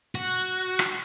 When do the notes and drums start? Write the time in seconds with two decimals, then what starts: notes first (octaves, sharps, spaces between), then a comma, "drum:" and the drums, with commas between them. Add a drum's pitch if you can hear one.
0.15 F#4
0.79 drum: rim click